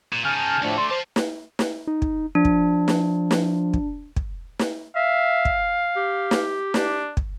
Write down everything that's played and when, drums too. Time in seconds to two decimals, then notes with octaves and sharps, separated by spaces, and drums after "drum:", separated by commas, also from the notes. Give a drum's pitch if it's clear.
0.12 A#2
0.25 C#3 D#4 G#5 A5 F6 G6
0.62 D2 A2 F3 A3 D4
0.78 D5 C6
0.91 C5 F5 A5
1.16 drum: snare
1.59 drum: snare
1.87 D#4
2.02 drum: kick
2.35 F3 D4
2.45 drum: kick
2.88 drum: snare
3.31 drum: snare
3.74 drum: kick
4.16 drum: kick
4.59 drum: snare
4.96 E5 F5
5.45 drum: kick
5.97 G4
6.31 drum: snare
6.74 D4, drum: snare
7.17 drum: kick